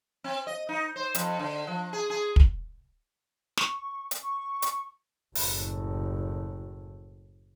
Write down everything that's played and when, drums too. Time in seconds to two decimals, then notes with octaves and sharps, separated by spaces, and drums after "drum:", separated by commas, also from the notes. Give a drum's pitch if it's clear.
0.24 C4
0.47 D#5
0.69 D#4
0.96 C5
1.15 F2, drum: hi-hat
1.39 D3
1.67 F3
1.93 G#4
2.10 G#4
2.36 drum: kick
3.57 C#6, drum: snare
4.11 drum: hi-hat
4.23 C#6
4.62 drum: hi-hat
5.35 F#1 A2, drum: open hi-hat